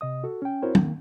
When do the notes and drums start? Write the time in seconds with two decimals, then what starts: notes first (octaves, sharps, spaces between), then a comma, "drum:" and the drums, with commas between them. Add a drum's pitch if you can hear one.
0.01 C3 D#5 D#6
0.24 F#4 A4
0.42 C#4 G5
0.62 C4 E4 F#4 A#4 C5 C#5
0.75 D#3 A#3, drum: tom